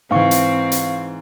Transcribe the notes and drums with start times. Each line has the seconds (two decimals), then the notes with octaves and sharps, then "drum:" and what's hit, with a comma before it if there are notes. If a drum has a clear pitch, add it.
0.11 G#2 E3 C4 F5 C#6
0.31 drum: hi-hat
0.72 drum: hi-hat